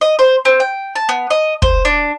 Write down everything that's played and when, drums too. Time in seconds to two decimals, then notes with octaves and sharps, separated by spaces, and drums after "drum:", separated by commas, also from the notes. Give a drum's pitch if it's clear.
0.01 D#5
0.19 C5
0.45 C4
0.60 G5
0.96 A5
1.09 B3
1.31 D#5
1.62 C5, drum: kick
1.85 D4